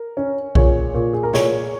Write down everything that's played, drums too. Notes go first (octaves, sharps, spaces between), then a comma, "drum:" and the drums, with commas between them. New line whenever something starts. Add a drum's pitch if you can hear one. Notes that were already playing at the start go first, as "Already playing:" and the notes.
Already playing: A#4
C#4
A#2 G#4 C#5, drum: kick B1
A#2
G#4
A#4
A#2 G#4 C#5, drum: snare